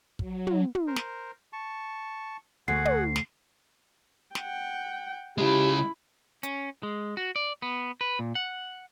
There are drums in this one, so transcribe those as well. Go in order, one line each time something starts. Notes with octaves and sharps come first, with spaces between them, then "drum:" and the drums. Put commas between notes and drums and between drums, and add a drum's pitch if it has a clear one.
F#3, drum: kick
drum: tom
drum: tom
A#4 C5
drum: snare
A5 C#6
D2 F#4 G#4 F#5 C7
drum: tom
drum: snare
F#5 G5, drum: snare
C#3 G#3 E4 G4 B5
C#4, drum: hi-hat
G#3
F#4
D5
B3
B4
A#2
F#5